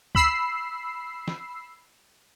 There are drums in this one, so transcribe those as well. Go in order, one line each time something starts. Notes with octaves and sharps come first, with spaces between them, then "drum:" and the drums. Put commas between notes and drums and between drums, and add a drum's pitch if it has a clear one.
B5 E6 C7, drum: kick C#2
drum: snare